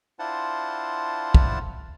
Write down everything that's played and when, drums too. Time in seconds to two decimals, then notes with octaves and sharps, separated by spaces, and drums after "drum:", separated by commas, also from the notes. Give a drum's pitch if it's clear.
0.19 D4 E4 F4 C5 F#5 A5
1.35 drum: kick